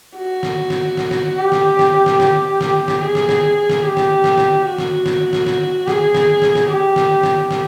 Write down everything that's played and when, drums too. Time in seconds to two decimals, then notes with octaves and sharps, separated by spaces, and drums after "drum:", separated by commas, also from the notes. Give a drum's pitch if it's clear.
0.15 F#4
0.43 drum: snare
0.70 drum: snare
0.97 drum: snare
1.11 drum: snare
1.39 G4
1.52 drum: snare
1.79 drum: snare
2.06 drum: snare
2.20 G4, drum: snare
2.61 drum: snare
2.88 drum: snare
3.01 G#4
3.15 drum: snare
3.29 drum: snare
3.70 drum: snare
3.84 G4
3.97 drum: snare
4.24 drum: snare
4.38 drum: snare
4.65 F#4
4.78 drum: snare
5.06 drum: snare
5.33 drum: snare
5.46 drum: snare
5.88 G#4, drum: snare
6.15 drum: snare
6.42 drum: snare
6.55 drum: snare
6.69 G4
6.96 drum: snare
7.23 drum: snare
7.51 drum: snare